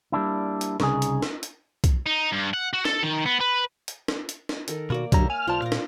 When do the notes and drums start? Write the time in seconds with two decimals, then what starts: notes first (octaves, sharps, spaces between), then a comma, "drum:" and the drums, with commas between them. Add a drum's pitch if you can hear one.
0.12 G3 A#3 D4 E4
0.61 drum: hi-hat
0.80 C2 C#3 D#4 G#4, drum: snare
1.02 drum: hi-hat
1.22 drum: snare
1.43 drum: hi-hat
1.84 drum: kick, hi-hat
2.06 D#4
2.32 G2
2.53 F#5
2.73 F#4
2.85 A4, drum: snare
3.03 D#3
3.25 B3
3.40 B4
3.88 drum: hi-hat
4.08 drum: snare
4.29 drum: hi-hat
4.49 drum: snare
4.68 D#3 A4 A#4, drum: hi-hat
4.90 B2 A#3 F#4 D5
5.12 F#2 B2 D3 F#3 G3 C#5 E5 A#5, drum: kick, hi-hat
5.30 G#5 F6
5.47 B1 F4 C5 D5 A5
5.62 A#2 F5 A#5
5.72 drum: snare